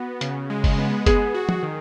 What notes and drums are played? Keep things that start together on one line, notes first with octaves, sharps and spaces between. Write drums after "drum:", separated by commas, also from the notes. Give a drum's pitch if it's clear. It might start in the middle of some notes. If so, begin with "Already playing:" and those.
Already playing: B3 F#4
C#3, drum: hi-hat
G#3
drum: kick F#1, open hi-hat
B3
B3 G#4, drum: kick F#1, hi-hat
F#4
drum: tom
D#3